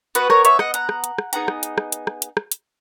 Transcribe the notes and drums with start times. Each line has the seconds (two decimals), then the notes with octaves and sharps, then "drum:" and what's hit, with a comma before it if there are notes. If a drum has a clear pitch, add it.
0.15 B3 F#4 B4, drum: hi-hat
0.30 A#4 C#5, drum: rim click
0.45 C#5 E5, drum: hi-hat
0.59 D#5 F#5, drum: rim click
0.74 F#5 A#5, drum: hi-hat
0.89 drum: rim click
1.04 drum: hi-hat
1.18 drum: rim click
1.33 B3 D#4 G#4 F#5 A#5, drum: hi-hat
1.48 drum: rim click
1.63 drum: hi-hat
1.78 drum: rim click
1.92 drum: hi-hat
2.07 drum: rim click
2.22 drum: hi-hat
2.37 drum: rim click
2.52 drum: hi-hat